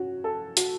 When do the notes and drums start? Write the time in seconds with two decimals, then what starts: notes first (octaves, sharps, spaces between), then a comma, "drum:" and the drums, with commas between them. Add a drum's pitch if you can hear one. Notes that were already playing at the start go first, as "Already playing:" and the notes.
Already playing: C#4 F#4
0.24 A4
0.57 F#4, drum: hi-hat